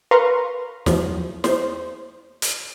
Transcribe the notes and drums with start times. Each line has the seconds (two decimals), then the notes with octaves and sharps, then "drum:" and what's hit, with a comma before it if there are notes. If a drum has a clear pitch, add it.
0.11 A#4 B4 F5 A#5 C6 C#6
0.86 E2 F3 F#3, drum: snare
1.44 C5, drum: snare
2.42 drum: hi-hat